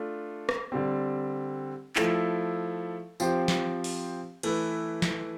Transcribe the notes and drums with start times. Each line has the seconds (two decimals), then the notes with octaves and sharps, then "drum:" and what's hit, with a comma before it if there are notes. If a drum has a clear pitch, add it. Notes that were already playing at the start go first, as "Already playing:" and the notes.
Already playing: A3 D4 F4
0.49 drum: rim click
0.72 D3 G3 C4
1.96 F3 A3 E4, drum: clap
3.20 F3 C4 G4 C5, drum: tambourine
3.48 drum: snare
3.84 drum: open hi-hat
4.43 E3 A3 E4 B4, drum: cymbal
5.02 drum: snare